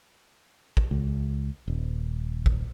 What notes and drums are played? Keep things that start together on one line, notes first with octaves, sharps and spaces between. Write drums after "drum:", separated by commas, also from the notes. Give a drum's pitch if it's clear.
drum: kick
C#2
D#1
drum: kick